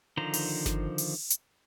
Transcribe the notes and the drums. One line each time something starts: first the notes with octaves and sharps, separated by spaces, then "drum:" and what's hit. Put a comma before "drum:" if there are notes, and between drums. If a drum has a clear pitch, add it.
D3 D#3 F3 C5 A#5
drum: open hi-hat
drum: snare G1
drum: open hi-hat
drum: hi-hat